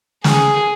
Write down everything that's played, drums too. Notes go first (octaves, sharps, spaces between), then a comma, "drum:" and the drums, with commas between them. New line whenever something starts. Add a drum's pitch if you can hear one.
G#4, drum: snare